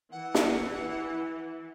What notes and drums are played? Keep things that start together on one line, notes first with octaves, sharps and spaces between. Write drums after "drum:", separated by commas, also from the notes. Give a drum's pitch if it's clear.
E3 F#5
drum: snare